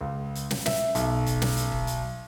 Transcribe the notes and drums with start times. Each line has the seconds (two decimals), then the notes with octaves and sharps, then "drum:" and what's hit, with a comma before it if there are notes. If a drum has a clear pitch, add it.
0.01 C#2
0.35 drum: hi-hat
0.51 drum: snare
0.66 E5, drum: snare
0.95 B1, drum: hi-hat
1.26 drum: kick, hi-hat
1.42 drum: snare
1.57 drum: hi-hat
1.72 drum: kick
1.87 drum: hi-hat